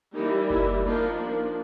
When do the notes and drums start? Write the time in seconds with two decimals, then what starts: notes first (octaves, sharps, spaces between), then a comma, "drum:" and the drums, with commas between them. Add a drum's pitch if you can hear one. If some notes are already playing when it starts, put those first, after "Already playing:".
0.15 E3 G3 A#3 D#4
0.50 E4, drum: kick F#1
0.85 F3 A#3 D4 D#4 F4